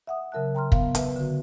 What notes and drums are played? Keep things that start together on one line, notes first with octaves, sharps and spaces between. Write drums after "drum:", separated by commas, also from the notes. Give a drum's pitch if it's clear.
E5 F#5 D#6
C#3 F#3 A#4 E5 A5 F#6
G5 A#5 C6 F6
B3 F5, drum: kick
B4 E5, drum: hi-hat
D3 F#4